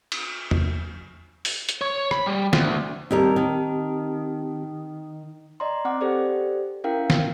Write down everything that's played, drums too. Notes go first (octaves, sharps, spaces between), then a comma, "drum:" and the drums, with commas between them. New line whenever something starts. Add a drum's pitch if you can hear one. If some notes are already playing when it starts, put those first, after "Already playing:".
drum: cymbal
drum: tom E2
drum: open hi-hat
drum: hi-hat
C#5
B5, drum: rim click
G3
D2, drum: snare
D#2 G3 C4 G4 A#4 A5
D#3
D5 D#5 A#5 C6
C4 F#5 D6
G4 A4 C5 D5
C#4 E4 A#4 F5 G5
drum: snare